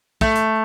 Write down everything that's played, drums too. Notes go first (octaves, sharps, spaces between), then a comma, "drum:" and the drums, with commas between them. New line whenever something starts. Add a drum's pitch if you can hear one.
A3, drum: kick
drum: hi-hat